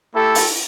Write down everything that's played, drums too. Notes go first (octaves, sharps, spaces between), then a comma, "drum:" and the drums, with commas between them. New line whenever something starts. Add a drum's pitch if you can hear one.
A3 E4 G4 A4
drum: open hi-hat